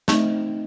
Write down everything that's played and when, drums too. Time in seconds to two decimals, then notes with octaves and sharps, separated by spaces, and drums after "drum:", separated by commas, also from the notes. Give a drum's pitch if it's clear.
0.08 A3 C4 D#4, drum: snare